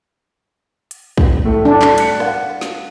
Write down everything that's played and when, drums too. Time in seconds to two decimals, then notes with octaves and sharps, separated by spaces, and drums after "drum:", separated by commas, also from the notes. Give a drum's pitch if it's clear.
0.91 drum: hi-hat
1.18 drum: kick
1.45 A2 A3
1.65 D4
1.82 drum: clap
1.98 F#6 B6 C#7, drum: cymbal
2.20 F5 F#5, drum: rim click
2.61 drum: snare